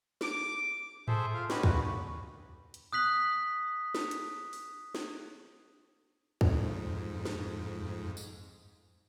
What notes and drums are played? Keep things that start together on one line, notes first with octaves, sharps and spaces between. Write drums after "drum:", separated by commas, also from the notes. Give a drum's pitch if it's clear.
D6, drum: snare
G#4 A4 C5 E5, drum: tom G#2
F4 F5
C#4 D#4 F#4 G4 B4, drum: snare
D#2 F#4 B4, drum: kick
drum: hi-hat
D#6 F#6 B6 F#7
drum: snare
drum: hi-hat
drum: open hi-hat
drum: snare
F2 G#2, drum: kick
drum: snare
drum: tambourine